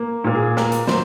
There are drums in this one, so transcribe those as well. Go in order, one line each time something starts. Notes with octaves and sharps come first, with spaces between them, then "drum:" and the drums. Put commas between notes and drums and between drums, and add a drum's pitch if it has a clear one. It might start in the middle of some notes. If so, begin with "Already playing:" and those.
Already playing: A#3
A#2 A#4
G#4
A#3 A#4, drum: snare
drum: hi-hat
F#3 C5, drum: snare